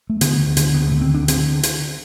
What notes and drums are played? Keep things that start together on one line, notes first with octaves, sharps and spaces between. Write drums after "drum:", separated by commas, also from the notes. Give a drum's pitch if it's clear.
A3
D3 B3, drum: hi-hat
D2
D3, drum: hi-hat
D2 B3
D3 A3
C4
D2 D4
D3 C4, drum: hi-hat
drum: hi-hat